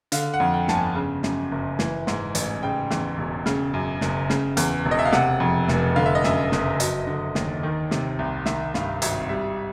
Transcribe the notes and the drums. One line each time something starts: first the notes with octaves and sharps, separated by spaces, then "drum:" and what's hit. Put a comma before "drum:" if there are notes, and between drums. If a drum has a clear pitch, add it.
D3 F5, drum: hi-hat
F#5
F2
G5
G1 A5, drum: snare
G#5
C#3
F#2, drum: snare
F#1
E3, drum: snare
G#2, drum: snare
A1, drum: hi-hat
C#3 G5
E2, drum: snare
E1
C#3, drum: snare
F#2
F#1, drum: snare
C#3, drum: snare
E2, drum: hi-hat
E1
D#5
E5
F5
C3 F#5, drum: snare
F2
F1, drum: snare
D3 F5
E5
D#5
F#2 E5, drum: snare
F#1, drum: snare
F#3 D#5, drum: hi-hat
D3
D#2, drum: snare
D#3
C3, drum: snare
C2
D#3 E5, drum: snare
G2 F5, drum: snare
G#1 E5, drum: hi-hat
G3 E5